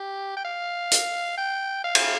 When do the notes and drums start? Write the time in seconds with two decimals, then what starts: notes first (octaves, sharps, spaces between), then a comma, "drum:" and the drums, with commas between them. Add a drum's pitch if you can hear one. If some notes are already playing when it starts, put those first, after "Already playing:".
Already playing: G4
0.37 G5
0.45 F5
0.91 drum: hi-hat
1.37 G5
1.84 F5
1.95 drum: cymbal